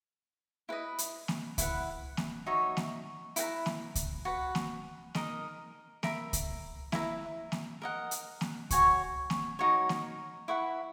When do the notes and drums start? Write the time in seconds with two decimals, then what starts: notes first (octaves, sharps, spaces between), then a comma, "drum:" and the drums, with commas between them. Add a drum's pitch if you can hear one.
0.69 E4 B4 D#5
0.98 drum: hi-hat
1.28 drum: snare A#3
1.58 E4 B4 F#5, drum: kick C#2, hi-hat
2.17 drum: snare A#3
2.46 D#4 F#4 C#5 E5
2.77 drum: snare A#3
3.36 E4 B4 F#5 A#5, drum: hi-hat
3.66 drum: snare A#3
3.95 drum: kick C#2, hi-hat
4.25 F#4 B4 F#5
4.55 drum: snare A#3
5.15 D#4 A#4 D#5, drum: snare A#3
6.03 A#4 E5 B5, drum: snare A#3
6.33 drum: kick C#2, hi-hat
6.92 E4 B4 E5 A#5, drum: snare A#3
7.52 drum: snare A#3
7.82 A#4 D#5 F#5
8.11 drum: hi-hat
8.41 drum: snare A#3
8.70 F#4 C#5 G#5 C#6, drum: kick C#2, hi-hat
9.30 drum: snare A#3
9.59 D#4 F#4 A#4 C#5
9.89 drum: snare A#3
10.48 E4 B4 F#5 C#6